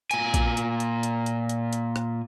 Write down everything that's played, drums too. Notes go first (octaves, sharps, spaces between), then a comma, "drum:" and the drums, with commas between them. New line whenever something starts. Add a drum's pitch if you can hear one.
A#2 G#5, drum: hi-hat
drum: kick A#1, hi-hat
drum: hi-hat
drum: hi-hat
drum: hi-hat
drum: hi-hat
drum: hi-hat
drum: hi-hat
drum: rim click